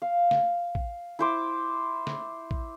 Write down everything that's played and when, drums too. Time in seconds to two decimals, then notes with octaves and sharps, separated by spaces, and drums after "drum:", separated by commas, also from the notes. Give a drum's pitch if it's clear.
0.02 F5
0.31 drum: snare
0.75 drum: kick
1.19 E4 C5 D6
2.07 drum: snare
2.51 drum: kick